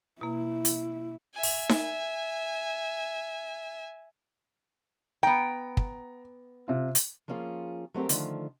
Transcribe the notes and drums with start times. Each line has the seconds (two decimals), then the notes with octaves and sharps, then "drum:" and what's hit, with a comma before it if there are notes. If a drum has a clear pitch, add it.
0.21 B2 A#3 E4
0.65 drum: hi-hat
1.34 E5 G#5
1.43 drum: open hi-hat
1.69 drum: snare D#4
5.23 B3 G5 A#5
5.77 drum: kick
6.68 C3 F4
6.95 drum: hi-hat
7.28 F3 A#3 C#4 F4 G#4
7.94 F#3 A3 C4 G4 A#4
8.09 D3 D#3 F3 A3, drum: hi-hat